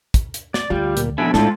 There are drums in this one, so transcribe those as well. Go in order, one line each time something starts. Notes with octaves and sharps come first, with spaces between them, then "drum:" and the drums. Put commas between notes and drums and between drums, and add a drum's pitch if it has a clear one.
drum: kick, hi-hat
drum: hi-hat
D5, drum: snare
D2 G3 F4
A#2, drum: hi-hat
F2 B2 D3 E5 G#5 B5
A2 G#3 D4 E4 F4 A4, drum: snare